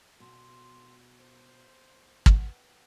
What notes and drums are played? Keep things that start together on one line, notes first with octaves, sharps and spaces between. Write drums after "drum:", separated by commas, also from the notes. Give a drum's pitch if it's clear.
B2 C6
C5
B4 F#5 G5, drum: kick